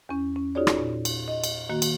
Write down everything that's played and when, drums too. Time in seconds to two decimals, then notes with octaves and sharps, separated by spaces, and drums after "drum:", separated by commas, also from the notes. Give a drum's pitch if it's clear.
0.09 E2 C#4
0.36 C#4
0.55 D#4 F4 F#4 G#4 C#5 D5
0.67 drum: rim click
0.78 A#2
1.05 drum: cymbal
1.28 D#5
1.44 drum: cymbal
1.69 D#3 A#3 F#4
1.82 drum: cymbal